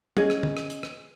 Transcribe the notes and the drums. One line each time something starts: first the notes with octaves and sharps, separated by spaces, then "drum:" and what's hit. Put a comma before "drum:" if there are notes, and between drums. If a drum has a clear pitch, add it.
C#4 G#4 D#5, drum: tom
drum: rim click
drum: tom
drum: rim click
drum: hi-hat
drum: rim click